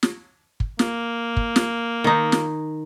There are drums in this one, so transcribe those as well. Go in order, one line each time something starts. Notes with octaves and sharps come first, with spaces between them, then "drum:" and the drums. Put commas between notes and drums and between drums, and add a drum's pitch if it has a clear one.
drum: snare
drum: kick
A#3, drum: snare
drum: kick
drum: snare
D#3 D#4
drum: snare